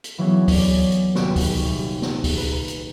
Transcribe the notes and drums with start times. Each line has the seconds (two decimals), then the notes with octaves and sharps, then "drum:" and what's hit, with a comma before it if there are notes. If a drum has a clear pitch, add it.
0.04 drum: hi-hat
0.18 E3 F#3 A#3 B3 C#4 G#4
0.48 C#5 D5, drum: kick C#2, open hi-hat
0.71 G#4
0.92 drum: hi-hat
1.15 D#1 C3 F#4 B4 C#6 D7, drum: snare
1.36 drum: kick C#2, open hi-hat
1.63 D#1
2.02 drum: snare
2.24 drum: kick C#2, open hi-hat
2.37 B4 A#5
2.68 drum: hi-hat